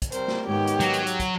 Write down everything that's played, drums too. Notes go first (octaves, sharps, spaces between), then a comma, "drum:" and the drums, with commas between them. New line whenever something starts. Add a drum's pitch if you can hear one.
drum: kick, hi-hat
G3 C4 A#4 C5, drum: hi-hat
drum: snare
G#2 D#3 B3 G4 C#5
drum: hi-hat
F#3, drum: hi-hat
drum: hi-hat
drum: hi-hat
drum: kick, hi-hat